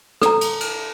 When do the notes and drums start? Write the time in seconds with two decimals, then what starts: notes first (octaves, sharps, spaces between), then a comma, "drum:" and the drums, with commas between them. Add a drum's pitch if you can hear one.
0.22 A4 A#5, drum: rim click
0.41 drum: cymbal
0.60 drum: cymbal